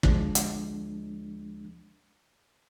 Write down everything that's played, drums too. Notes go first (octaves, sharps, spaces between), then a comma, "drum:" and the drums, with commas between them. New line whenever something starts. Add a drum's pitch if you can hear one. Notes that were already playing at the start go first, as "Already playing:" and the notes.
D2 F3 G#3 D4, drum: kick
drum: hi-hat